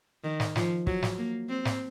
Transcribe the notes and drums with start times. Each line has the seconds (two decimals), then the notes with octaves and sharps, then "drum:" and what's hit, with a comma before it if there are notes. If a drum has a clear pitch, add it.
0.24 D#3
0.40 drum: snare
0.56 F3, drum: snare
0.87 F#3, drum: kick
1.02 drum: snare
1.18 A#3
1.49 C4
1.65 drum: snare